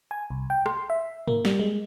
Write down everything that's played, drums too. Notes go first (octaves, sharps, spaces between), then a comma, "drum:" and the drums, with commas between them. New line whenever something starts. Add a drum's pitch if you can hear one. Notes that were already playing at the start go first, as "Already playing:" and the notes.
G#5
C2
G5
C6, drum: rim click
E5
A#3, drum: tom G#2
G3, drum: snare
G#3